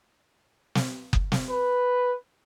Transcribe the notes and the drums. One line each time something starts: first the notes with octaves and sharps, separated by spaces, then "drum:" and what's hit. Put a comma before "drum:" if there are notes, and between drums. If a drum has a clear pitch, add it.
drum: snare
drum: kick F#1
drum: snare
B4